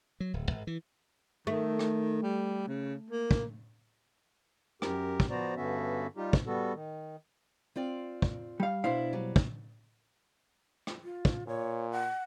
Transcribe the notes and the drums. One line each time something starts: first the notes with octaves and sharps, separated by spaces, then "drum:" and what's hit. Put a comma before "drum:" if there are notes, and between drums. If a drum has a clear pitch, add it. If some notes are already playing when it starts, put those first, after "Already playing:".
F#3
D1
G#1
E3
D#3 A3
drum: rim click
G3
C#3
A#3
drum: kick
F#2 G4 A#4, drum: rim click
drum: kick
F3 B3 F#4 C5 D5 A#5
G2 D3 B3 C#4 F#4 E5
G3 D#4 F4 G4
drum: kick
G3 B3 F#4 A4
D#3
C4 F4 D5
drum: kick
G3 F5
B2 D4 E4 C5 F5
F#3 G3
drum: kick
drum: rim click
F4
drum: kick
A#2 C#5
F#5